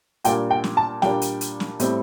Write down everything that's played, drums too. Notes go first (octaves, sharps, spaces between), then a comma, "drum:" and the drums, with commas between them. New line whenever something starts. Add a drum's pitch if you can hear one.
A#2 G3 A#3 D4 G5, drum: hi-hat
G5
drum: snare
A5
A#2 G3 A#3 D4 G5, drum: snare
drum: hi-hat
drum: hi-hat
drum: snare
A2 G3 C4, drum: hi-hat